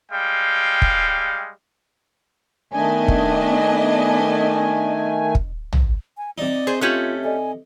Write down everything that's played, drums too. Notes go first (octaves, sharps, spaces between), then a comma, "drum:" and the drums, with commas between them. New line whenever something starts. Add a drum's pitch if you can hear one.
G3 G#3 F5 G5
drum: kick
D#3 A3 B3 D4 D#5 G#5
drum: kick
drum: kick
drum: tom
G#5
C3 D#4 D5
G#4 C5
A3 C#4 F4 G4 F#6 G#6 F#7
A4 D5 D#5 G#5